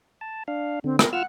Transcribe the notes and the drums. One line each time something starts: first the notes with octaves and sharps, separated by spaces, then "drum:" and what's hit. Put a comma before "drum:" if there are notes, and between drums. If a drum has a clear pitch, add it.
A5
D4 F5
D3 C4
A#4, drum: rim click
F4 F#5 E6 F6